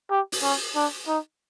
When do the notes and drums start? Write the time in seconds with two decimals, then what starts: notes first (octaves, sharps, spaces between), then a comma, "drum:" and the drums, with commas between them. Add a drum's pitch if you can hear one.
0.11 G4
0.32 drum: open hi-hat
0.43 C#4
0.76 D4
1.08 D#4